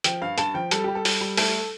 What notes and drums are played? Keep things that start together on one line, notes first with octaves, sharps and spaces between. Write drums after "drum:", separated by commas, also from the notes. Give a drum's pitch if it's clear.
F3 G5, drum: hi-hat
G2 F5
G2 A5, drum: hi-hat
F3 G5
G3 A4, drum: hi-hat
G3 G4
A4
G3, drum: open hi-hat
G3
A3 A4, drum: open hi-hat